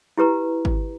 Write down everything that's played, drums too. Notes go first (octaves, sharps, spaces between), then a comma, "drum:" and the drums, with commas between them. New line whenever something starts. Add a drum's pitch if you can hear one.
E4 G4 B4 A#5
drum: kick G#1